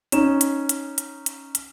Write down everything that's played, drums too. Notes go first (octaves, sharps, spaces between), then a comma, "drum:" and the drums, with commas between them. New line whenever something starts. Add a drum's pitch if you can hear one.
C#4 D#4 E7, drum: hi-hat
drum: hi-hat
drum: hi-hat
drum: hi-hat
drum: hi-hat
drum: hi-hat